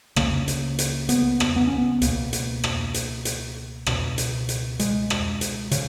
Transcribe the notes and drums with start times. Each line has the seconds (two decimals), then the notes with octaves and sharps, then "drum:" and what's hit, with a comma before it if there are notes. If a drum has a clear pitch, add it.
0.16 C#2 C#3 A#3, drum: rim click
0.48 drum: hi-hat
0.79 drum: hi-hat
1.09 B3, drum: hi-hat
1.40 drum: rim click
1.56 B3
1.67 C#4
1.78 B3
2.02 C#2 B2 A#3, drum: hi-hat
2.33 drum: hi-hat
2.64 drum: rim click
2.94 drum: hi-hat
3.25 drum: hi-hat
3.86 C#2 B2, drum: rim click
4.18 drum: hi-hat
4.49 drum: hi-hat
4.79 G#3, drum: hi-hat
5.10 drum: rim click
5.41 drum: hi-hat
5.71 C#3, drum: hi-hat